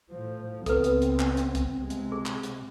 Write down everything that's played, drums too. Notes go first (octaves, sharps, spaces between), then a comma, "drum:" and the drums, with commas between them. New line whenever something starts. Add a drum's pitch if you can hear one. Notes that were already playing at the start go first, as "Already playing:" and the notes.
A2 F3 C5
C#2 B3 C4 A4 B4, drum: kick, hi-hat
drum: hi-hat
drum: hi-hat
drum: clap
drum: hi-hat
drum: kick, hi-hat
C3 G#3
drum: hi-hat
G#4
drum: clap
drum: hi-hat